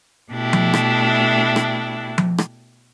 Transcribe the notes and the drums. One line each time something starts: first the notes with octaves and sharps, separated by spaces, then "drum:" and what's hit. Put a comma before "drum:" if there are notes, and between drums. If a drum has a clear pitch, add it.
B2 A3 D4 E4 G4
drum: tom F3
drum: rim click
drum: rim click
drum: tom F3
drum: rim click